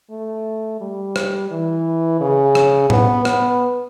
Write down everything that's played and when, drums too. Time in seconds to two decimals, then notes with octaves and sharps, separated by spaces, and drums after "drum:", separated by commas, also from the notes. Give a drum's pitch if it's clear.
0.10 A3
0.81 G3
1.16 drum: rim click
1.51 E3
2.21 C#3
2.55 drum: rim click
2.90 B3, drum: tom A2
3.25 B3, drum: rim click